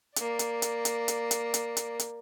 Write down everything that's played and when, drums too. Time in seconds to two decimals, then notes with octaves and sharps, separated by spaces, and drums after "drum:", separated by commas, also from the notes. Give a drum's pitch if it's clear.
0.16 A#3 D5, drum: hi-hat
0.39 drum: hi-hat
0.62 drum: hi-hat
0.85 drum: hi-hat
1.08 drum: hi-hat
1.31 drum: hi-hat
1.54 drum: hi-hat
1.77 drum: hi-hat
1.99 drum: hi-hat